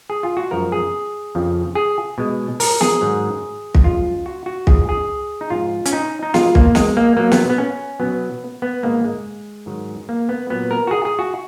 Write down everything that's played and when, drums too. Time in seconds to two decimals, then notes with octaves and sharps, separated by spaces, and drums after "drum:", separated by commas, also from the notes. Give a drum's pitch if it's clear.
0.10 G#4
0.23 F4
0.37 F#4
0.51 F#2 F3 G#3 A#4
0.72 G#4
1.35 F2 C#3 F3
1.75 G#4
2.18 B2 G#3
2.60 A#4, drum: open hi-hat
2.81 G#4, drum: snare
3.01 G#2 D#3 F#3
3.75 drum: kick
3.84 F#2 F3 G#3 F4
4.26 F#4
4.46 F#4
4.67 G#2 F3 G#3 G#4, drum: kick
4.89 G#4
5.41 D#4
5.50 G#2 F3 G#3 F4
5.86 C#4, drum: hi-hat
5.93 D#4
6.23 D#4
6.34 B2 G#3 F4, drum: snare
6.55 A#3, drum: kick
6.75 G#3, drum: snare
6.97 A#3
7.17 B2 F#3 A#3
7.31 B3, drum: snare
7.50 B3
7.58 C#4
8.00 B2 F#3 B3
8.62 B3
8.83 G#2 D#3 G#3 A#3
9.04 G#3
9.66 G#2 D#3 F#3
10.09 A#3
10.29 B3
10.50 A#2 F#3 B3
10.71 A#4
10.87 F#4
10.91 G#4
11.05 G#4
11.19 F#4